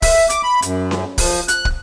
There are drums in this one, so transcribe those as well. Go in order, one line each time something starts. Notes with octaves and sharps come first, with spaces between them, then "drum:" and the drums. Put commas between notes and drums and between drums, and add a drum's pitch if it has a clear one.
E5, drum: kick, open hi-hat
D6, drum: hi-hat
B5
F#2, drum: hi-hat
drum: snare C#4
F3, drum: kick, open hi-hat
F#6, drum: hi-hat
drum: kick